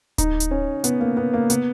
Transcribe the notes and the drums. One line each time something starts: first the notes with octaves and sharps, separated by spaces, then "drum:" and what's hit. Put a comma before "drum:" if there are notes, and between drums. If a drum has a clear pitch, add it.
D#4, drum: kick D1, hi-hat
drum: hi-hat
C#4
B3, drum: hi-hat
A#3
B3
A#3
B3, drum: hi-hat